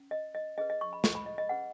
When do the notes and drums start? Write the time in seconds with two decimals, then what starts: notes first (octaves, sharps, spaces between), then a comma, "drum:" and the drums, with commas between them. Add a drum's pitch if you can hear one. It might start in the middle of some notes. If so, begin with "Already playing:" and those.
Already playing: C#4
0.11 D#5
0.35 D#5
0.58 C#4 G#4 B4 D#5
0.70 D#5
0.81 C#6
0.93 B5
1.04 C#6, drum: snare
1.15 B5
1.26 D#5
1.38 D#5
1.49 C#4 G#4 B4 F#5